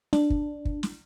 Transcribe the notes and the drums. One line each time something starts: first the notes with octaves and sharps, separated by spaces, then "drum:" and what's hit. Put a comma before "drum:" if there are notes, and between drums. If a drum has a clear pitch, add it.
D4, drum: snare
drum: kick
drum: kick
drum: snare